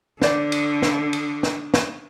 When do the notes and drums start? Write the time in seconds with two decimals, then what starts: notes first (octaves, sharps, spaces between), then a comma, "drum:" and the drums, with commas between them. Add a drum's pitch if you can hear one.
0.22 D3 C5 D5, drum: snare
0.52 drum: cymbal
0.82 drum: snare
1.13 drum: cymbal
1.43 drum: snare
1.74 drum: snare